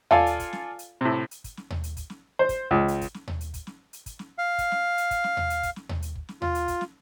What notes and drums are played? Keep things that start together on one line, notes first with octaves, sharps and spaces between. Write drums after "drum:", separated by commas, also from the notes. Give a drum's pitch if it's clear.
F4 A4 D5 F5 G#5, drum: tom D#2
drum: hi-hat
drum: kick, hi-hat
drum: snare
drum: hi-hat
A2 C3
drum: hi-hat
drum: kick, hi-hat
drum: snare
drum: tom D#2
drum: hi-hat
drum: kick, hi-hat
drum: snare
C5
drum: kick, hi-hat
C#2
drum: hi-hat
drum: kick, hi-hat
drum: snare
drum: tom D#2
drum: hi-hat
drum: kick, hi-hat
drum: snare
drum: hi-hat
drum: kick, hi-hat
drum: snare
F5
drum: kick, hi-hat
drum: snare
drum: hi-hat
drum: kick, hi-hat
drum: snare
drum: tom D#2
drum: hi-hat
drum: kick, hi-hat
drum: snare
drum: tom D#2
drum: hi-hat
drum: kick
drum: snare
F4, drum: tom D#2
drum: hi-hat
drum: kick, hi-hat
drum: snare